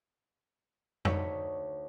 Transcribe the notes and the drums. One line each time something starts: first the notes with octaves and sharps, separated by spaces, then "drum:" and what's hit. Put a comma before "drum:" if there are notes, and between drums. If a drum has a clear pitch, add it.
D2 D#4 C#5 B5 C#6 D#6, drum: tom